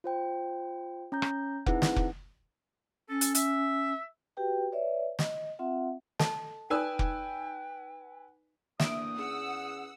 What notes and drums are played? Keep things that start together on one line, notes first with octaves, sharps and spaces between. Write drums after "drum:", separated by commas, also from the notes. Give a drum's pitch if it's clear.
F4 C5 G5
C#4 A#5 G6
drum: rim click
C4 D#4 E4 G#4 B4 F#5, drum: kick F1
drum: snare
drum: kick F1
C#4 A4
drum: hi-hat
E5, drum: hi-hat
F#4 G4 B4 G5
B4 C#5 D5 E5
D#5, drum: snare
C4 F4 E5 F#5
A4 D#5 A5, drum: snare
D#4 B4 D5 G5 G#5 D#6 E6
drum: kick F1
E2 A#3 D4 E5 D#6 D7, drum: snare
C#4 G#4 F#5 E6